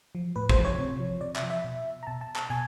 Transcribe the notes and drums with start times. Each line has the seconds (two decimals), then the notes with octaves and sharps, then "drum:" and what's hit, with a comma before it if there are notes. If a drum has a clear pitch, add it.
0.15 F3
0.36 A2 B4
0.49 C5, drum: kick
0.58 F3
0.65 C#5
0.78 C3
1.00 F3
1.21 C3 D5
1.36 E5, drum: clap
1.42 F3
1.50 E5
1.64 B2
2.03 A#5
2.07 B2 A5
2.21 A5
2.36 A5, drum: clap
2.50 B2 G#5